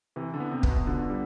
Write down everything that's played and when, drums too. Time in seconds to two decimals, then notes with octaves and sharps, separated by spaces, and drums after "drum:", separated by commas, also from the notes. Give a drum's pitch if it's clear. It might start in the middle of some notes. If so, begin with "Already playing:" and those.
0.16 C3 E3
0.34 D3
0.40 B3
0.51 C3
0.63 B3, drum: kick
0.69 B2
0.87 D3 F4
1.10 G3